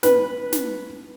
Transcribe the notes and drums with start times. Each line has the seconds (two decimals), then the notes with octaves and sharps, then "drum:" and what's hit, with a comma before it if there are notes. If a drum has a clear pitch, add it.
0.03 B4, drum: snare
0.52 drum: snare